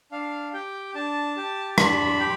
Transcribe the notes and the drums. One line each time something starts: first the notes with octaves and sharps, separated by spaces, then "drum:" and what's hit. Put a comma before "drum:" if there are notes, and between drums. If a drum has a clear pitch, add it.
D4 F5
G4 G5
D4 A5
G4
D4 B5, drum: rim click
G4